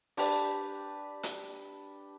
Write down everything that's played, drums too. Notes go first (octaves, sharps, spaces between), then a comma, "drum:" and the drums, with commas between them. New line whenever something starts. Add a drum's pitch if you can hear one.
D4 G4 B4 D5, drum: open hi-hat
drum: hi-hat